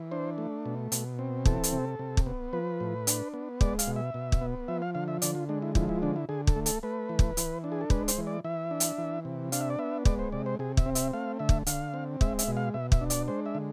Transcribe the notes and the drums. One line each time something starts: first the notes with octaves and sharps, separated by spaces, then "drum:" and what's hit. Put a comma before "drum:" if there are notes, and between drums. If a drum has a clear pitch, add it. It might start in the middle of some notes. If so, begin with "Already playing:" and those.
Already playing: E3
D4 C5
A3
B2
B2, drum: hi-hat
C4
E3 A4, drum: kick
drum: hi-hat
C3
C3
drum: kick
B3
F3 B4
A2
D4, drum: hi-hat
B3
G#3 D5, drum: kick
F5, drum: hi-hat
B2
E5
B2
drum: kick
B3
F3 E5
F5
D3 F5
E5
D3 D5, drum: hi-hat
F4
G#3 D4
E4
F3 E4, drum: kick
E4
D3 D4
E4
D3 G#4
A4, drum: kick
A3
A4, drum: hi-hat
A3 B4
E3
drum: kick
E3, drum: hi-hat
D4
G#4
A4
G#3 B4, drum: kick
C5, drum: hi-hat
E3
D5
E3 E5
D4
drum: hi-hat
E3
C3
D4 F5, drum: hi-hat
E5
D5
B3 E5
G#3 D5, drum: kick
C5
C3 D5
C5
C3 G#4
E5, drum: kick
C4
E5, drum: hi-hat
A3 F5
D3 E5
drum: kick
D3 F5, drum: hi-hat
C4
G#3 E5, drum: kick
E5, drum: hi-hat
B2
F5
B2 E5
E5, drum: kick
D4
D5, drum: hi-hat
G#3 C5
E5
D3